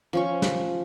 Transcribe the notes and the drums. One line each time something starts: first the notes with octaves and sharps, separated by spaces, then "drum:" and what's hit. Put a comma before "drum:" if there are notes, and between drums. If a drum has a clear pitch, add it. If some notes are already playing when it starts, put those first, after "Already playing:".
F3 C#4 C#6
drum: snare